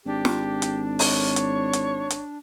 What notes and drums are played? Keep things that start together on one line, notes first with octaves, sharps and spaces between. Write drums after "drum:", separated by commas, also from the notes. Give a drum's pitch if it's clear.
G#1 D4 G4
drum: snare
drum: hi-hat
C#5, drum: open hi-hat
drum: hi-hat
drum: hi-hat
drum: hi-hat